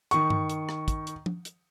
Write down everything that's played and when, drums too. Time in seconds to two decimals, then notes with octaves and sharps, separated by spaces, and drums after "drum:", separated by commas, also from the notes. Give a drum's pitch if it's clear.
0.11 D#3 C#6, drum: hi-hat
0.30 drum: tom G2
0.50 drum: hi-hat
0.69 drum: rim click
0.88 drum: kick, hi-hat
1.07 drum: hi-hat
1.26 drum: tom
1.45 drum: hi-hat